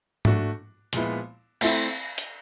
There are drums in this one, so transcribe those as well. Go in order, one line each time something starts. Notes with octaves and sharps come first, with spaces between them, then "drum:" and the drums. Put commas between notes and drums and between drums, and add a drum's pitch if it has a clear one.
A3 D4 F#4, drum: tom G#2
A#2 F3 G#3 B3 E4, drum: hi-hat
A3 C4 E4, drum: cymbal
drum: hi-hat